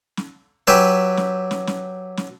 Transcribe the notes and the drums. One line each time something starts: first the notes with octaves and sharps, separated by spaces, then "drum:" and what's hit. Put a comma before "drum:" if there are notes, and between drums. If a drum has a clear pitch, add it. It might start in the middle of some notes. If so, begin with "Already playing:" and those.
drum: snare
F#3 G4 B4 E5 G#5, drum: snare
drum: snare
drum: snare
drum: snare
drum: snare